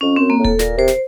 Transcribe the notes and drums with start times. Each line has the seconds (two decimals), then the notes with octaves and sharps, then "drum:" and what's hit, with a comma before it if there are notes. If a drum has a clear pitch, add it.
0.01 F2 C#4
0.16 F#2 C4
0.30 A#3
0.39 A2
0.45 A4, drum: kick D#1
0.59 A#2 A#4, drum: snare
0.77 C3 C5
0.88 drum: snare